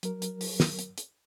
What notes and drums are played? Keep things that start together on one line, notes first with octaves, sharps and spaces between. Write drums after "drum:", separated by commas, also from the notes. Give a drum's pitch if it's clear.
F#3 A#4, drum: hi-hat
drum: hi-hat
drum: open hi-hat
drum: snare
drum: hi-hat
drum: hi-hat